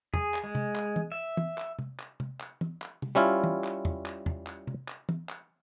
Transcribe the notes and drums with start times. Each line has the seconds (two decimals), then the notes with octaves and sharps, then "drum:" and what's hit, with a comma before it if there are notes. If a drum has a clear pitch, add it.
0.14 G#4, drum: tom E2
0.34 drum: clap
0.44 G#3
0.55 drum: tom C3
0.75 drum: clap
0.96 drum: tom
1.12 E5
1.37 drum: tom
1.58 drum: clap
1.79 drum: tom C3
1.99 drum: clap
2.20 drum: tom C3
2.40 drum: clap
2.61 drum: tom
2.82 drum: clap
3.02 drum: tom C3
3.15 G3 C#4 E4 F4
3.44 drum: tom
3.64 drum: clap
3.85 drum: tom E2
4.06 drum: clap
4.26 drum: tom E2
4.47 drum: clap
4.67 drum: tom C3
4.88 drum: clap
5.09 drum: tom
5.29 drum: clap